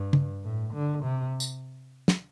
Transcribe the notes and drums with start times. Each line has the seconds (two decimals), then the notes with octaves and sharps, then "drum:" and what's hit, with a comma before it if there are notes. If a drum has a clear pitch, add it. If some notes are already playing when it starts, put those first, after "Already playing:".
Already playing: G2
0.13 drum: tom
0.44 A2
0.74 D3
1.04 C3
1.40 drum: tambourine
2.08 drum: snare